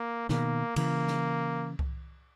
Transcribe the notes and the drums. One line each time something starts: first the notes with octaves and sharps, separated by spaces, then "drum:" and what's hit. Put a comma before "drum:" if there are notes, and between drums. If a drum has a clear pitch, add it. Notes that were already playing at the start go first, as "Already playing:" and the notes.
Already playing: A#3
B2 D#3 A#3, drum: snare
C#3 E3 A#3, drum: cymbal
drum: snare
drum: kick C2